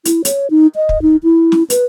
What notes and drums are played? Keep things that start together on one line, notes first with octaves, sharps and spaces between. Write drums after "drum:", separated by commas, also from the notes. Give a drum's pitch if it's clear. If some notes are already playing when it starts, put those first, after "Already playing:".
E4, drum: hi-hat
C#5, drum: hi-hat
D#4
D#5
drum: kick
D#4
E4
drum: snare
B4, drum: hi-hat